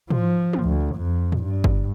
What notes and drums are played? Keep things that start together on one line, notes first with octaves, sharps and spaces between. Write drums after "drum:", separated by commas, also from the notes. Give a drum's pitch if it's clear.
F3, drum: tom
drum: tom
D2
F2
drum: tom
G2
drum: kick